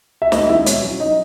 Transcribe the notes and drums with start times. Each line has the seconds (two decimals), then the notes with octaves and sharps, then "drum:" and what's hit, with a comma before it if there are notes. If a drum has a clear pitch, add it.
0.22 E5
0.32 D#2 D#4 D#5, drum: snare
0.49 D#3 G#3 C#4 E4 E5
0.66 B2 C#5, drum: hi-hat
0.83 F#3 C#4 E4
1.00 D#4 D#5